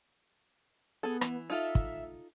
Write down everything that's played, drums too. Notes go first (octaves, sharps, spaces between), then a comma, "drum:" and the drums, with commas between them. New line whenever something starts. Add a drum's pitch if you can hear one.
B3 G#4 A4
E3, drum: rim click
D#4 F4 A4 E5
drum: kick